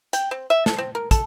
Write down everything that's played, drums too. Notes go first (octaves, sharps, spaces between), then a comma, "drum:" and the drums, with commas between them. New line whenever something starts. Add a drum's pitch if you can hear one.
G5, drum: hi-hat
C4
E5
A4, drum: snare
C4
A#4
A4, drum: kick, hi-hat